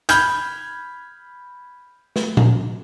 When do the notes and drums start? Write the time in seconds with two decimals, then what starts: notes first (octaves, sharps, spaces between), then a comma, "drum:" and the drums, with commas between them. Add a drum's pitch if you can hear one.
0.09 B5 F6 G6 G#6, drum: hi-hat
2.16 drum: snare
2.37 drum: tom A#2